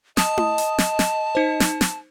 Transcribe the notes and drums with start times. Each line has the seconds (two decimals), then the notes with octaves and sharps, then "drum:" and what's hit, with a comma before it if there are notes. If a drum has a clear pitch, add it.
0.17 D#5 A5 D#6, drum: snare
0.38 drum: tom E4
0.58 drum: hi-hat
0.78 drum: snare
0.99 drum: snare
1.35 D#4 C5
1.60 drum: snare
1.81 drum: snare